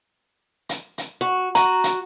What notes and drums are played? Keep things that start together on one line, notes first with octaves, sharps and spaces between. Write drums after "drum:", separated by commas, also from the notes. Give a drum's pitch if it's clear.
drum: hi-hat
drum: hi-hat
F#4
F#4 A#5, drum: hi-hat
drum: hi-hat